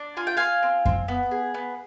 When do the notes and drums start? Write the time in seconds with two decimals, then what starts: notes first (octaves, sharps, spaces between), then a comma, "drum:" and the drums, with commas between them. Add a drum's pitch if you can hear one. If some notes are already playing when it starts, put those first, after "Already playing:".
Already playing: D4
0.17 F4 G#5
0.27 G5
0.37 F4 F5 G#5
0.63 C4
0.85 C4, drum: kick F#2
1.08 B3
1.31 G#4
1.54 B3